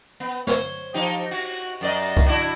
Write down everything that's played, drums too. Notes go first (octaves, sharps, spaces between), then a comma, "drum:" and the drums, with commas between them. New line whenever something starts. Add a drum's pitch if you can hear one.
B3
C5 C#5, drum: snare
F3 D#4 G4
F#4, drum: cymbal
F#2 D5 D#5
drum: kick
D4 E4 F#4